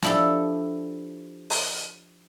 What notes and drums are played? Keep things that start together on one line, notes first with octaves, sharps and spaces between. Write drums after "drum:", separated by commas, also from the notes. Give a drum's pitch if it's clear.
F3 D4 E4 G4 A4, drum: snare
drum: open hi-hat